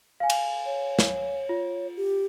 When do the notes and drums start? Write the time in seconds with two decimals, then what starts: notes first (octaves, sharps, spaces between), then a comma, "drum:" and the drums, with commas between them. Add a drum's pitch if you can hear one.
0.20 F5 G#5
0.30 drum: cymbal
0.66 C#5
0.99 drum: snare
1.49 F4
1.97 G4